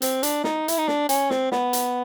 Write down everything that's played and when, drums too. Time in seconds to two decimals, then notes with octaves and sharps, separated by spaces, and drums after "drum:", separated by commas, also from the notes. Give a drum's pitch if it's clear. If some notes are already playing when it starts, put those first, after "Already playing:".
0.02 C4, drum: hi-hat
0.23 D4, drum: hi-hat
0.44 D#4, drum: snare
0.68 E4, drum: hi-hat
0.78 D#4
0.88 D4, drum: snare
1.09 C#4, drum: hi-hat
1.30 C4, drum: snare
1.52 B3, drum: snare
1.73 drum: hi-hat